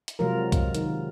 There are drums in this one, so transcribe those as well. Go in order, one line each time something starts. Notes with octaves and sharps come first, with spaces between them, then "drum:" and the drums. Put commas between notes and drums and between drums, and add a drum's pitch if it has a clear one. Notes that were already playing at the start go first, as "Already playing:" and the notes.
drum: hi-hat
C3 F3 F#3 G#3 F4 A#4
drum: kick C2, hi-hat
D#3, drum: hi-hat